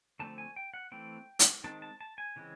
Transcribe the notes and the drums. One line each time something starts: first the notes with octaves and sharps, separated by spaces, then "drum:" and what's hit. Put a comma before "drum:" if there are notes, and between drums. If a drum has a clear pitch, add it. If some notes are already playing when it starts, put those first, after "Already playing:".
D3 F3 A3 C4 A5
G#5
G5
F#5
E3 A3 C4 G5
drum: hi-hat
D#3 G#3 C4 A5
A5
A5
G#5
C#3 E3 G#3 C4